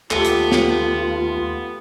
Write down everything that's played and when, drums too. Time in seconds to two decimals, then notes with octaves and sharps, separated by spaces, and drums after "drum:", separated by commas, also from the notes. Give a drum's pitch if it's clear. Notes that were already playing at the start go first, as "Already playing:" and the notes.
0.11 D#2 A3 B3 F4 G4 A4, drum: clap
0.25 drum: hi-hat
0.52 drum: snare